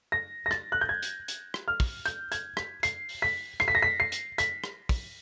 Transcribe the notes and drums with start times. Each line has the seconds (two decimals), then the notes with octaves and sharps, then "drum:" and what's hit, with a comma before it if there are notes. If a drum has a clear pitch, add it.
0.12 A#6
0.46 A#6
0.51 A6, drum: rim click
0.72 F#6
0.81 G6
0.89 G#6
1.03 drum: hi-hat
1.28 drum: hi-hat
1.54 drum: rim click
1.68 F6
1.80 drum: kick, open hi-hat
2.06 G6, drum: hi-hat
2.32 G#6, drum: hi-hat
2.57 B6, drum: rim click
2.83 C7, drum: hi-hat
3.09 drum: open hi-hat
3.22 B6
3.60 C7, drum: rim click
3.68 B6
3.75 A#6
3.82 B6
4.00 C7
4.12 drum: hi-hat
4.38 B6, drum: hi-hat
4.64 drum: rim click
4.89 drum: kick, open hi-hat